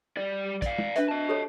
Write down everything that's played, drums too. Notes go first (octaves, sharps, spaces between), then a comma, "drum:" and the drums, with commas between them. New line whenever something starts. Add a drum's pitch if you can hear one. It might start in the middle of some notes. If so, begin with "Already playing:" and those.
G3 D5
D5 F5, drum: kick, hi-hat
drum: tom
D4 B4 E5, drum: hi-hat
D#5 A5
G4 A4 C#5